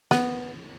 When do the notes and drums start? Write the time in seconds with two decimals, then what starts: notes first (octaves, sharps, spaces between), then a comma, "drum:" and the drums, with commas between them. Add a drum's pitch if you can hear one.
0.11 B3, drum: snare